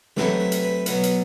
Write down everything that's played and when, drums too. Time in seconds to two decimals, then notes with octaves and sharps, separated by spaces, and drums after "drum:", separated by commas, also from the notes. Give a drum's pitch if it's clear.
0.17 C3 F#3 A3 B4, drum: snare
0.40 B4
0.52 drum: hi-hat
0.63 B4
0.86 B2 F#3 B3 B4, drum: hi-hat
1.03 drum: hi-hat